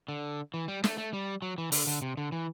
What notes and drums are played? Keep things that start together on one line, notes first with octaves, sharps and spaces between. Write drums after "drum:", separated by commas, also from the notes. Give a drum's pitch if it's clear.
D3
E3
G3
A3, drum: snare
A3
G3
F#3
E3
D3, drum: open hi-hat
D3
C3
D3
E3